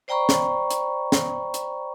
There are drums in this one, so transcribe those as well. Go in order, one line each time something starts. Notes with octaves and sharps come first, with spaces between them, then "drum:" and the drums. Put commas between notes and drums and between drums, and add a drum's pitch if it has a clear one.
C5 D5 G5 A#5 B5 C#6
drum: snare
drum: hi-hat
drum: snare
drum: hi-hat